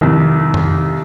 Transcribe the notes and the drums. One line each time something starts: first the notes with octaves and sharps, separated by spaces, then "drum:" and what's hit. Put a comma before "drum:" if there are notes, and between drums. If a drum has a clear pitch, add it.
C2 F2 D#3
drum: tom F2